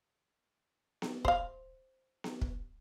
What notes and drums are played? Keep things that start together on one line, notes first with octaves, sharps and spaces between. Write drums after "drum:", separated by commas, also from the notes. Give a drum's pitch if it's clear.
drum: snare B3
C5 F5, drum: kick
drum: snare B3
drum: kick